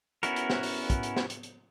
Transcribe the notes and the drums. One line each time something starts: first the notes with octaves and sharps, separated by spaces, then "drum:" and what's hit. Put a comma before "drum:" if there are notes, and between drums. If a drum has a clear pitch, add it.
B3 C#4 E4 F#4 A#4, drum: hi-hat
drum: hi-hat
drum: snare
drum: open hi-hat
drum: kick, hi-hat
drum: hi-hat
drum: snare
drum: hi-hat
drum: hi-hat